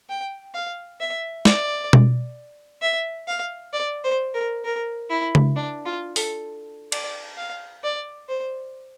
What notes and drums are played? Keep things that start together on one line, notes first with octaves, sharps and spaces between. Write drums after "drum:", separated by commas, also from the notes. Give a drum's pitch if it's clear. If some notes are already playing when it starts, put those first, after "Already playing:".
G5
F5
E5
D5, drum: snare
drum: tom B2
E5
F5
D5
C5
A#4
A#4
E4
drum: tom C#3
D4
F4
A4, drum: open hi-hat
D5, drum: cymbal
F5
D5
C5